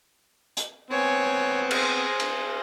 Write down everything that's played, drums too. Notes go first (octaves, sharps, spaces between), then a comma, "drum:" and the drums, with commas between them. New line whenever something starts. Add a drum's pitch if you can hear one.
drum: hi-hat
B3 C4 C#5 G#5
G#4 C5, drum: cymbal
drum: cymbal